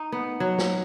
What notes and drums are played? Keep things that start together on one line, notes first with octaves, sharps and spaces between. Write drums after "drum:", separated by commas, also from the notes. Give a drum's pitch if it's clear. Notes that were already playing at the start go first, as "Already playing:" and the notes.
Already playing: D#4
B3
F#3
drum: snare